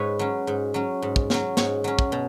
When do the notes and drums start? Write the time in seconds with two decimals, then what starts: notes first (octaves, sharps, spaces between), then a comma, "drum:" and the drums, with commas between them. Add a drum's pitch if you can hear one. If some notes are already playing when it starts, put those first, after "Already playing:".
Already playing: G#2 B4 C#5
0.19 F#3 C#4
0.47 G#2
0.74 F#3 C#4
1.02 G#2
1.16 drum: kick
1.30 F#3 C#4, drum: snare
1.57 G#2 C#5, drum: snare
1.84 F#3 C#4
1.99 drum: kick
2.12 B2